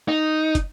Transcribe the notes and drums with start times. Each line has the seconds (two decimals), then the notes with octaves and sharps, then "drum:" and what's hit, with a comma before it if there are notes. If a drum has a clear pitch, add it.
0.08 D#4
0.55 drum: kick, hi-hat